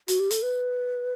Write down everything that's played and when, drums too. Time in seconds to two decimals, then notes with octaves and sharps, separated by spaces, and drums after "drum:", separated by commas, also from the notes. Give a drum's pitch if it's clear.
0.08 F#4, drum: hi-hat
0.20 G4
0.31 A4, drum: hi-hat
0.43 B4